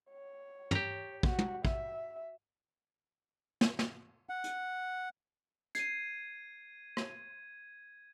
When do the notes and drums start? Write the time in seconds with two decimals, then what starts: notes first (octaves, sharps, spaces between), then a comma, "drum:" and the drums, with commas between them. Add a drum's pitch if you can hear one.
0.11 C#5
0.71 G4 A#5, drum: tom
1.23 F#4, drum: kick
1.39 drum: tom
1.65 E5, drum: kick
3.61 drum: snare
3.79 drum: snare
4.29 F#5
4.44 drum: hi-hat
5.75 G#6 C7 D#7, drum: hi-hat
6.97 drum: rim click